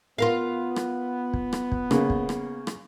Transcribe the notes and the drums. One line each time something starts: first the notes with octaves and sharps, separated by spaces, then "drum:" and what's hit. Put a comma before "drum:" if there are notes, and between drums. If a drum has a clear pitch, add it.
B3 F4 A#4 F5
drum: rim click
drum: kick
drum: rim click
drum: kick
C#3 A#3, drum: rim click
drum: kick
drum: rim click
drum: rim click